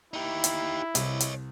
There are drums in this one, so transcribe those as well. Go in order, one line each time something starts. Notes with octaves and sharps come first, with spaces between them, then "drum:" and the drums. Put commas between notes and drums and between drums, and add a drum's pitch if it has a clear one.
D#4 E4 G4
drum: hi-hat
C2 C#5 D#5, drum: hi-hat
drum: hi-hat